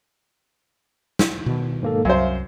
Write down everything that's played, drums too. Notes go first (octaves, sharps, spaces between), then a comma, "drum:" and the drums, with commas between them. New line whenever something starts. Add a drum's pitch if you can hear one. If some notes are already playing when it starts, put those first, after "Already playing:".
drum: snare
B2 D#3
G#2 A#3 A4
C2 F#2 C5 E5 F5